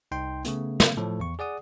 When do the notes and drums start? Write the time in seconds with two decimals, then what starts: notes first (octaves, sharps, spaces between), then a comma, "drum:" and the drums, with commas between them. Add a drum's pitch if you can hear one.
0.11 C2 D#4 G5 C6
0.45 C#3 A3 B3, drum: hi-hat
0.80 drum: snare
0.97 A2 F3 A4 C#5
1.20 E2 C#6
1.39 G#4 D5 F#5 D#6